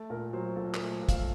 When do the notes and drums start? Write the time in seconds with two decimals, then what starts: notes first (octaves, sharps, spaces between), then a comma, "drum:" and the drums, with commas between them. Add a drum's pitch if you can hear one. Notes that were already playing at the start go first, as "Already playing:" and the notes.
Already playing: A3
0.10 A#2 A#4
0.33 F#3 C5
0.56 A#2 A4
0.74 A#4, drum: clap
0.80 A3
0.91 C5
1.02 A#2
1.09 F5, drum: kick, hi-hat
1.18 A4